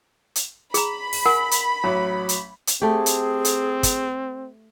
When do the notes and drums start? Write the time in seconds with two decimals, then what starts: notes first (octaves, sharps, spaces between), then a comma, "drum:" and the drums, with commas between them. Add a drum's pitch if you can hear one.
0.36 drum: hi-hat
0.74 G#4 A#5 B5, drum: hi-hat
1.13 drum: open hi-hat
1.26 A#4 F#5 G#5
1.51 drum: hi-hat
1.84 A1 F#3
2.29 drum: hi-hat
2.67 drum: hi-hat
2.82 A3 C4 G4 G#4
3.06 drum: hi-hat
3.45 drum: hi-hat
3.83 drum: kick, hi-hat